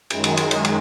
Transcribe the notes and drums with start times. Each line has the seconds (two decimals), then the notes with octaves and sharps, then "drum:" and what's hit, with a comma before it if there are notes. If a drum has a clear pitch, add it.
0.10 F#2 D#3 G#3, drum: cymbal
0.24 drum: cymbal
0.37 drum: cymbal
0.51 drum: cymbal
0.65 drum: cymbal